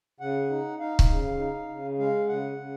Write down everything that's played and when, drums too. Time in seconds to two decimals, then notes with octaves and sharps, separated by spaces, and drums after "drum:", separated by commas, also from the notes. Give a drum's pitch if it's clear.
0.20 C#3 F#5
0.50 D#4
0.80 D#4 F5
0.99 drum: kick C#1
1.09 C#3
1.39 D#4
1.68 C#3
1.98 G#3 F5
2.28 C#3 F#5
2.58 C#3